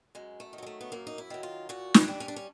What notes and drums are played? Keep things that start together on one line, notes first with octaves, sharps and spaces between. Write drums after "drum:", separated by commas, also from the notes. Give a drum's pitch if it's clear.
F#2 G#3
A3
D#3
F#3 G#3
A3
B3
F#2 A#3
D#4
E4
D#3 F#3
F4
A#2 F#4
D4, drum: snare
G3
C#4
D4
C#4